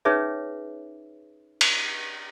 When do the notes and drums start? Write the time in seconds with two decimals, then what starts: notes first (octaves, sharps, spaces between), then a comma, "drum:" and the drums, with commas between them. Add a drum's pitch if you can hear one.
0.05 C#4 D#4 G#4 B4 C#5 E5
1.61 drum: cymbal